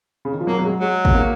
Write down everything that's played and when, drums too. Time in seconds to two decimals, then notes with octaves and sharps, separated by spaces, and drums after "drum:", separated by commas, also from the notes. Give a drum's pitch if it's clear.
0.25 C#3
0.32 D#3
0.40 F3
0.47 F#3 A#3
0.59 F#3
0.65 G#3
0.69 F#3
0.80 F#3 G#3
1.05 drum: kick
1.14 A#3